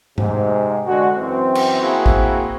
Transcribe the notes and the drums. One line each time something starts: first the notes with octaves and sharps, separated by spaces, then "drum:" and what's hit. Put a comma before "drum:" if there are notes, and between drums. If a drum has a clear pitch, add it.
G#2 C3, drum: tom G#2
D3 G#3 F#4
F#2 E3 C4
drum: cymbal
A#3 C4 E4 F#4 G#4
drum: kick A1